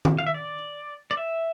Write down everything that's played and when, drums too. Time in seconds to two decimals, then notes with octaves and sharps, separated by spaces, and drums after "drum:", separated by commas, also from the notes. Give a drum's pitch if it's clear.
0.05 drum: tom D#3
0.19 F5
0.27 E5
0.34 D5
1.11 D5
1.17 E5